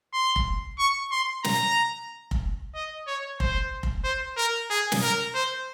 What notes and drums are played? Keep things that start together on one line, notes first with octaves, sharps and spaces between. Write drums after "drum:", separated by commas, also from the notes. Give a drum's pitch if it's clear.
C6
drum: kick F1
C#6
C6
A#5, drum: snare
drum: kick F1
D#5
C#5
C5, drum: kick F1
drum: kick F1
C5
A#4
G#4
drum: snare
A#4
C5